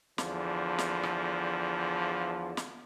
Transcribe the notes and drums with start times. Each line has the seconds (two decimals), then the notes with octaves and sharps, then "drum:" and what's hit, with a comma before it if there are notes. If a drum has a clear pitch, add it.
0.18 E2 D3 F3, drum: snare
0.78 drum: snare
1.03 drum: rim click
2.57 drum: snare